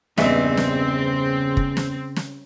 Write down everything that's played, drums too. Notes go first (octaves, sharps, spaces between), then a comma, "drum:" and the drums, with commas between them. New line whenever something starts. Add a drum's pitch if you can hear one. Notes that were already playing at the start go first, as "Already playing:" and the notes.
A#1 E2 G2 C#3 C4 D#4 E5, drum: snare
drum: snare
drum: kick
drum: snare
drum: snare